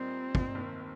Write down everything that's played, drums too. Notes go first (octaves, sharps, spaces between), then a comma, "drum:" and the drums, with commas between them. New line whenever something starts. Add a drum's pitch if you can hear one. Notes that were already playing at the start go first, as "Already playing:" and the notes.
Already playing: A#2 G3 C4 D#4
drum: kick
F1 D#2 D#3